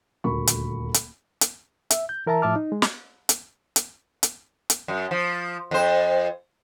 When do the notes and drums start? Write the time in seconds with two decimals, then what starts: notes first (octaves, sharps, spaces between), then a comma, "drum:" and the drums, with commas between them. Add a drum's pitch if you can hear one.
0.24 D#1 D2 A3 A#4 B5 C#6
0.47 drum: hi-hat
0.94 drum: hi-hat
1.41 drum: hi-hat
1.91 E5, drum: hi-hat
2.09 G6
2.27 E3 A#4 E5 A5 A#5
2.42 A2 F3 E5 A5 D6 F6
2.56 D#4
2.72 G#3
2.82 drum: snare
3.29 drum: hi-hat
3.76 drum: hi-hat
4.23 drum: hi-hat
4.70 drum: hi-hat
4.88 F#2
5.11 F3
5.71 F2 C5